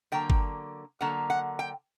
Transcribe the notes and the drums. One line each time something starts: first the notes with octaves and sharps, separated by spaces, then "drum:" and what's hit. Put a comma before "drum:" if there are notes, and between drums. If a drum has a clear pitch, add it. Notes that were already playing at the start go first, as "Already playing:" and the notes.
D3 F#3 A#3 G5
drum: kick G1
D3 F#3 A#3 F#5
F#5
G5